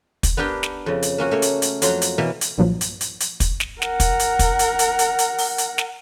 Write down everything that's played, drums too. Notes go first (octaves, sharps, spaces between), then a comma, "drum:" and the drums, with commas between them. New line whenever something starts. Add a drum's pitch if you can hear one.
drum: kick, hi-hat
B3 D4 G4 A#4 G5
drum: snare
F2 C#3
drum: hi-hat
A#3 C#4 F#4
A3 A#3 C#5
drum: hi-hat
drum: hi-hat
F2 F#3 F5 C6, drum: hi-hat
drum: hi-hat
B2 E3 A#3 B3
drum: hi-hat
B1 G2 A#2 F3 F#3
drum: hi-hat
drum: hi-hat
drum: hi-hat
drum: kick, hi-hat
drum: snare
A#4 F#5, drum: snare
drum: kick, hi-hat
drum: hi-hat
drum: kick, hi-hat
drum: hi-hat
drum: hi-hat
drum: hi-hat
drum: hi-hat
drum: open hi-hat
drum: hi-hat
drum: snare